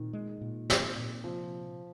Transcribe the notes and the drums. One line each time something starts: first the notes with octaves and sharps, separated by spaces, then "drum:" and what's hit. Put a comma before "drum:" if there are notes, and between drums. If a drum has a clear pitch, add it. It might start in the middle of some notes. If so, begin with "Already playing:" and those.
Already playing: A#2 D#3 C4
G#3
A#2
C4, drum: snare
A#2
C3 F3